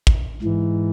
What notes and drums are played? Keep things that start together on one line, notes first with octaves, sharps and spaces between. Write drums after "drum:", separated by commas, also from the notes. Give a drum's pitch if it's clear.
drum: kick
G#2 E3